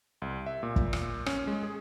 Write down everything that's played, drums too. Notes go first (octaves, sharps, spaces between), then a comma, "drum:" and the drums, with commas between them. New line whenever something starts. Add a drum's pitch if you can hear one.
C2
E5
A#2
drum: kick
drum: rim click
C#4, drum: rim click
G#3
G#4